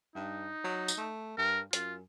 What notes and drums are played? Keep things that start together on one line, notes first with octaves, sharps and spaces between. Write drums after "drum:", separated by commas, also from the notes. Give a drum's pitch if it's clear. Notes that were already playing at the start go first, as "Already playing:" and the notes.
G2 D#4
F#3
drum: tambourine
A3
G2 A#4
F#2 F4, drum: hi-hat